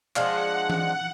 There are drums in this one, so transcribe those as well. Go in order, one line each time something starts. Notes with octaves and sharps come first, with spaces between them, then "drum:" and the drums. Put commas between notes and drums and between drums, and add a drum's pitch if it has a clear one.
F3 G#3 D4 F5 F#5, drum: clap
drum: tom E3